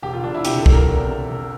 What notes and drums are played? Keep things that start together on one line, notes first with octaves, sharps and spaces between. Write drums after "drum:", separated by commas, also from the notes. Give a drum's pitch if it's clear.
E1 G4
F4
E1 D4
E4
C3 G4, drum: hi-hat
A4
E1, drum: kick B1
A#4
E2
C3
E1